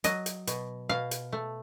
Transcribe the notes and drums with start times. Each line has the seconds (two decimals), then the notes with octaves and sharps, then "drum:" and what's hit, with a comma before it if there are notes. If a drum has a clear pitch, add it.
0.04 F#3 D#5, drum: hi-hat
0.26 drum: hi-hat
0.47 B2, drum: hi-hat
0.89 B2 F5
1.11 drum: hi-hat
1.32 A3